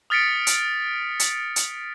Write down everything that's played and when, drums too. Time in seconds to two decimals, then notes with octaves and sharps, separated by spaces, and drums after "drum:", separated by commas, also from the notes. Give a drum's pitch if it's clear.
0.10 D#6 F6 A6 B6 C#7 D7
0.47 drum: hi-hat
1.20 drum: hi-hat
1.56 drum: hi-hat